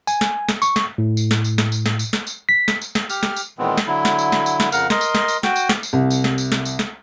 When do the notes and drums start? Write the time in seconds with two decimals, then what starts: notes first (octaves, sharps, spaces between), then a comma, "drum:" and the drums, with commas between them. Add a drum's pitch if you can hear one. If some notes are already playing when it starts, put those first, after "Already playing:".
0.07 G#5, drum: tambourine
0.21 drum: snare
0.49 drum: snare
0.62 C#6, drum: tambourine
0.76 drum: snare
0.98 A2
1.17 drum: tambourine
1.31 drum: snare
1.44 drum: tambourine
1.58 drum: snare
1.72 drum: tambourine
1.86 drum: snare
1.99 drum: tambourine
2.13 drum: snare
2.27 drum: tambourine
2.49 B6
2.68 drum: snare
2.82 drum: tambourine
2.95 drum: snare
3.10 G4 F6, drum: tambourine
3.23 drum: snare
3.36 drum: tambourine
3.58 A#2 D#3 E3 G#3 B3 C4
3.78 drum: snare
3.87 D3 F#3 E4
4.05 drum: snare
4.19 drum: tambourine
4.32 drum: snare
4.46 drum: tambourine
4.60 drum: snare
4.72 F2 C#3 A#4 F5 F#5 F6, drum: tambourine
4.90 A#4 D#5 C6, drum: snare
5.01 drum: tambourine
5.15 drum: snare
5.28 drum: tambourine
5.43 F#4 G5, drum: snare
5.56 drum: tambourine
5.69 drum: snare
5.83 drum: tambourine
5.93 C2
6.11 drum: tambourine
6.24 drum: snare
6.38 drum: tambourine
6.52 drum: snare
6.65 drum: tambourine
6.79 drum: snare